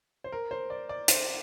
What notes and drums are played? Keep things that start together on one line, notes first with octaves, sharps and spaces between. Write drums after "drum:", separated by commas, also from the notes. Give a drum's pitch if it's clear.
C5
A#4
C5
D5
D5
C5, drum: hi-hat